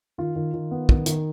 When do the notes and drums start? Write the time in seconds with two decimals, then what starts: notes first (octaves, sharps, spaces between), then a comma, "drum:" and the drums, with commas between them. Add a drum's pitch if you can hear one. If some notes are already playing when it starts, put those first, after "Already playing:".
0.18 D#3 F4
0.36 D#3
0.54 D#3
0.71 B3
0.89 D#3, drum: kick
1.06 D#3, drum: hi-hat